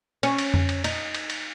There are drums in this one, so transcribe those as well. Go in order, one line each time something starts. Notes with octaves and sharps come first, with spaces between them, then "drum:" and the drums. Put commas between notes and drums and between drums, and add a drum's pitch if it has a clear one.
C#4, drum: cymbal
drum: cymbal
drum: tom F2
drum: cymbal
D#4, drum: cymbal
drum: cymbal
drum: cymbal